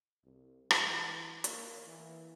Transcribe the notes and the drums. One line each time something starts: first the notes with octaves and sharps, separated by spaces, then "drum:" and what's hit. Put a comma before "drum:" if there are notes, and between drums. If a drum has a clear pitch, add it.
C2
E3, drum: rim click
A#3, drum: hi-hat
E3